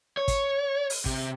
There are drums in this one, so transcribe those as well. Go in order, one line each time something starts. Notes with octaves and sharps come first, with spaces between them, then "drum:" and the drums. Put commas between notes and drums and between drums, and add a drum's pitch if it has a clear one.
C#5
drum: kick, hi-hat
drum: open hi-hat
C3, drum: kick